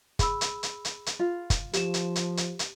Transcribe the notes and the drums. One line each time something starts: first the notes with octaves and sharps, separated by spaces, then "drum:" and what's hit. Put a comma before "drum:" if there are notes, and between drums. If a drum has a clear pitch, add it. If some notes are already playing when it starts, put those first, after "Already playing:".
G#4 B5 E6, drum: kick, hi-hat
drum: hi-hat
drum: hi-hat
drum: hi-hat
drum: hi-hat
F4
drum: kick, hi-hat
F3 G4 E7, drum: hi-hat
drum: hi-hat
drum: hi-hat
drum: hi-hat
drum: hi-hat